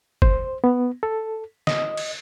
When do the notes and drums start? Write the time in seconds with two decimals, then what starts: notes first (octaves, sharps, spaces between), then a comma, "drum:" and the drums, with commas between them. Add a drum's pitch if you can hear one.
0.22 C5, drum: kick
0.64 B3
1.03 A4
1.67 D#5, drum: snare
1.97 drum: cymbal